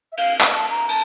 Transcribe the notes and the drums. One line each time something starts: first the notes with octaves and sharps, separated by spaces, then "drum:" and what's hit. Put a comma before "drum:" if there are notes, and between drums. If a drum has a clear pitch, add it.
E5
F5, drum: cymbal
drum: clap
A5
A#5
A5, drum: cymbal